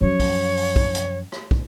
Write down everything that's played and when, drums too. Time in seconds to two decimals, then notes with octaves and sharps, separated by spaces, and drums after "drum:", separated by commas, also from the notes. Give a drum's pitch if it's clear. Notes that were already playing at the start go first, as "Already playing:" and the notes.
0.01 F#2 F3 C#5
0.20 drum: kick, open hi-hat
0.57 drum: open hi-hat
0.76 drum: kick
0.95 drum: hi-hat
1.32 drum: rim click
1.51 drum: kick